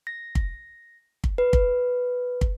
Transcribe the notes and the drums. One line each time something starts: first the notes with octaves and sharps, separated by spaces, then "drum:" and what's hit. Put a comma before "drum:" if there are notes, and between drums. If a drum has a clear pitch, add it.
A#6
drum: kick
drum: kick
B4
drum: kick
drum: kick